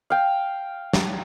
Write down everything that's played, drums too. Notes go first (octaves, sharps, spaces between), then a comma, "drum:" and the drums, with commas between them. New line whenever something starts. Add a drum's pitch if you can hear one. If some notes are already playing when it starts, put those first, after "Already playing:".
F5 G5
drum: snare